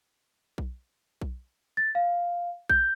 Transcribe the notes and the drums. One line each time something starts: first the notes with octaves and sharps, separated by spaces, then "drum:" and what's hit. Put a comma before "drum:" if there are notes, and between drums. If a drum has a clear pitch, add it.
drum: kick B1
drum: kick B1
A6
F5
G6, drum: kick B1